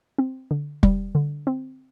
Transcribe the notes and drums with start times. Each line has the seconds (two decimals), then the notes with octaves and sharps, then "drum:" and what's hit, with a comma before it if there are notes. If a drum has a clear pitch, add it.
0.18 C4
0.51 D3
0.83 G3, drum: kick
1.15 D3
1.47 C4